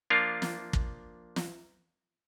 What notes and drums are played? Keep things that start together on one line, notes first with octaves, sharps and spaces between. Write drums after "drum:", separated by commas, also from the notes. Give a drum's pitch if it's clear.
F3 A#3 D4 F4
drum: snare
drum: kick
drum: snare